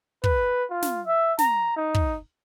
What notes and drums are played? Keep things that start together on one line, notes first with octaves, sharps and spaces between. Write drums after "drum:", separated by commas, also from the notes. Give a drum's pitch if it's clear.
B4, drum: kick
F4
drum: snare
E5
A#5, drum: snare
D#4
drum: kick